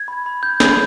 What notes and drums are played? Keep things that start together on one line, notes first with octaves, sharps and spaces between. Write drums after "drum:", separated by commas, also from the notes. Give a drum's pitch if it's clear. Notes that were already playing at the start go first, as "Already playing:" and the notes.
Already playing: G#6
B5
B5
G6
B5, drum: snare